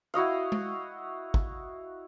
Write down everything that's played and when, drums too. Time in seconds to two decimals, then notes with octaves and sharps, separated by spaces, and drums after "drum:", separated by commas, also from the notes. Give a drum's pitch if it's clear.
0.14 E4 F#4 D#5 F5
0.52 drum: tom G#3
1.34 drum: kick